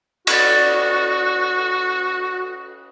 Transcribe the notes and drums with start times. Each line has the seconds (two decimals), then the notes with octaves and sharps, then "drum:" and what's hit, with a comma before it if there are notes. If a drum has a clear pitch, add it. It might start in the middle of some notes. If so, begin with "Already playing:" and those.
0.27 F#4 D5 B5 C#6, drum: cymbal